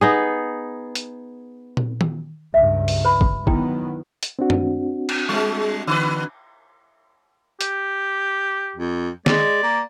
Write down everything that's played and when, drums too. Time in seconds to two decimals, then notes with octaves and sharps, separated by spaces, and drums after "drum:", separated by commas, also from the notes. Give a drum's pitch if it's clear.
0.01 B3 D#4 G#4
0.95 drum: hi-hat
1.77 drum: tom A#2
2.01 drum: tom D#3
2.54 C#2 G2 E5
2.88 drum: open hi-hat
3.05 B4 B5
3.21 drum: kick
3.47 D#3 F#3 B3 E4 G5, drum: kick
4.23 drum: hi-hat
4.39 C4 D4 F#4
4.50 drum: tom
5.09 drum: cymbal
5.29 G3 G#3
5.87 D3 B4
7.61 G4, drum: hi-hat
8.76 F2
9.26 G#3 D5, drum: snare
9.63 A#3